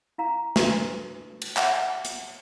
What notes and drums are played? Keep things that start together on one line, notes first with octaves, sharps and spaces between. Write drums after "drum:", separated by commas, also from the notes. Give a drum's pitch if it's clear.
E4 F5 A#5
D4 F#4 A4 B4 C6, drum: snare
drum: cymbal
E5 F#5 G5, drum: clap
drum: hi-hat